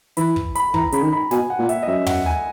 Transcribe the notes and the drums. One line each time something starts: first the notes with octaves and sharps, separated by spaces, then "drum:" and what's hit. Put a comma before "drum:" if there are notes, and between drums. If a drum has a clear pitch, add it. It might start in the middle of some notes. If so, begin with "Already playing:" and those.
E3 B5, drum: hi-hat
drum: kick
B5, drum: hi-hat
E3 A#5, drum: kick
C#3 B5, drum: hi-hat
D#3
B5
B2 G#5, drum: snare
F#5
A#2
E5, drum: hi-hat
D#5
F#2 E5
F#5, drum: tom
G#5